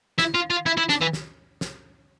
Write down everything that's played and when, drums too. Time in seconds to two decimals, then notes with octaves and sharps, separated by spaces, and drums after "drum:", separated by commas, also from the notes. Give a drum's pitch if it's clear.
0.18 E4, drum: snare
0.34 F4
0.50 F4
0.66 E4
0.77 E4
0.89 D4, drum: snare
1.01 E3
1.13 drum: snare
1.61 drum: snare